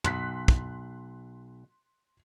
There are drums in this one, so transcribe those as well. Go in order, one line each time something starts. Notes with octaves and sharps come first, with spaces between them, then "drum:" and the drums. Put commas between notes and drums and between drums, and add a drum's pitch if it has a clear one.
B1 C6 F#6 B6, drum: tom
drum: kick